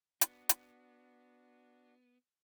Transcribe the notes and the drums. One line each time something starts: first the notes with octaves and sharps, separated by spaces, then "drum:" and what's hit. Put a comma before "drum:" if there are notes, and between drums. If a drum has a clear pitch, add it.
B3 D4 F#4, drum: hi-hat
drum: hi-hat